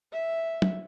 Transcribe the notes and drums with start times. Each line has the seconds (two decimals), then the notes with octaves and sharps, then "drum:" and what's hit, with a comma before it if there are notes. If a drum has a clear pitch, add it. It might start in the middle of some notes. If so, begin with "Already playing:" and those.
0.13 E5
0.62 drum: tom